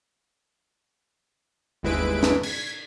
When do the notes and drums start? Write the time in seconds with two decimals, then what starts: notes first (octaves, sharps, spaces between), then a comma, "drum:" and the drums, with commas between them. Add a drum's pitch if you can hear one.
1.83 G1 D#2 G#3 E4 B4 D7
2.23 drum: snare
2.43 G#6 B6, drum: cymbal